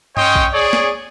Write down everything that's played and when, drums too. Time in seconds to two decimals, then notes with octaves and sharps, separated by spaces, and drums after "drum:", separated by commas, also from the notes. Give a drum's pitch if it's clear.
0.17 C#4 C#5 D#5 G5 C6 D#6, drum: tom G2
0.35 drum: kick A#1
0.53 G#4 C#5 D5
0.73 drum: snare